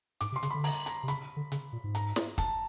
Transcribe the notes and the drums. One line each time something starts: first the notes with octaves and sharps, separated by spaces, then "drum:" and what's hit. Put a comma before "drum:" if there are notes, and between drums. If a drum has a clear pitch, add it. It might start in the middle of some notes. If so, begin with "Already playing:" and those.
G#2 D6, drum: hi-hat
C3
C6
C#3, drum: hi-hat
D3 B5
A#5, drum: open hi-hat
A#5, drum: hi-hat
C3
C#3 B5, drum: hi-hat
D3
C#3, drum: hi-hat
A#2
G#2
A#5, drum: hi-hat
drum: snare
A5, drum: kick, hi-hat